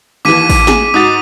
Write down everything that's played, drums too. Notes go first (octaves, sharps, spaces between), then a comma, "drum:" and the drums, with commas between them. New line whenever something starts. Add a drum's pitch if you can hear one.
D#2 E3 D6 B6 D#7
drum: kick, open hi-hat
G#4, drum: snare
G#2 F#4 D#6 A6